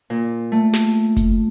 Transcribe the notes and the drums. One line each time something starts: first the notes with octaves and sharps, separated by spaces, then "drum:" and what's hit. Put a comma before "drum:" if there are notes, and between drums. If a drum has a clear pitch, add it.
A#2
A3
drum: snare
drum: kick F#1, hi-hat